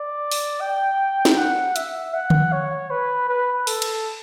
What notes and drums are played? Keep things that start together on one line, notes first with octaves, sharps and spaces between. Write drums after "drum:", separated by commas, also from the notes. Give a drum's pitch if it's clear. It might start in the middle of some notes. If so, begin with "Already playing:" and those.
Already playing: D5
drum: open hi-hat
G5
drum: snare
F#5
E5, drum: hi-hat
F#5
drum: tom D3
C#5
B4
B4
A4, drum: open hi-hat
drum: cymbal